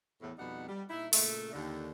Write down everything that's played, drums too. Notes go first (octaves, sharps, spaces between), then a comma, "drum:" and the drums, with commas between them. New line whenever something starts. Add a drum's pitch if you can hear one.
E2 A2
F2 B2 G3 D#4 F#5
G3
A#2 D#4 E4
A#2 C#3 A3, drum: open hi-hat
D#2 D3